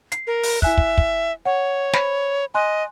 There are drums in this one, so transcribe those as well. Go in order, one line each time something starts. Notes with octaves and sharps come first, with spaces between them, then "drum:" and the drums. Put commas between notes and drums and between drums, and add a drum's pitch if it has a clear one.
C7, drum: hi-hat
A#4
drum: open hi-hat
E4 E5 G#5 F#6, drum: kick
drum: kick
drum: kick
C#5 F#5
C5 B5, drum: snare
D#5 G#5 C6 F#6